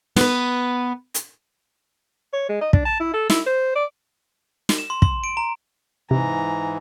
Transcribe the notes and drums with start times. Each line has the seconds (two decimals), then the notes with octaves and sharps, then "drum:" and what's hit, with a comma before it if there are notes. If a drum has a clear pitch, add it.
0.16 B3 B4, drum: snare
1.14 drum: hi-hat
2.33 C#5
2.49 G#3
2.61 D#5
2.73 D4, drum: kick
2.85 A5
3.00 E4
3.14 A4
3.30 E4, drum: snare
3.46 C5
3.75 D5
4.69 drum: snare
4.78 E7
4.90 C6
5.02 C6, drum: kick
5.24 D7
5.37 A#5
6.11 G#2 C3 E3 A#5